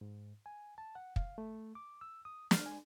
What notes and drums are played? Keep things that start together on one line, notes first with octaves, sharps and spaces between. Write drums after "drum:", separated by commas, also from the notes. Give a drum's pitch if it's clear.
G#2
G#5
A5
F#5
F5, drum: kick
A3
D6
E6
D#6
F6, drum: snare
G#5